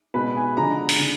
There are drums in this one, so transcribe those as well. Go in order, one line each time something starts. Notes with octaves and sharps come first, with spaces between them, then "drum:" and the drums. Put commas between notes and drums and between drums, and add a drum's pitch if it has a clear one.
B2 G#3 B4
G#5
D3 F3 G#3 A#5
drum: open hi-hat
D3